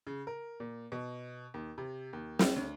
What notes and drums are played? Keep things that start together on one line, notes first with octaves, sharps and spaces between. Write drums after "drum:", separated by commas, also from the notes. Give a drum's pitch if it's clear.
C#3
A#4
A#2
B2
D#2
C3
D#2
C#2, drum: snare
D2